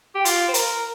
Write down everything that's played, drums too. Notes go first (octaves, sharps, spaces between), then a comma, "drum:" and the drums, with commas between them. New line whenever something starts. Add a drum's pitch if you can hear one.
G4
F4, drum: hi-hat
C5
A#4, drum: hi-hat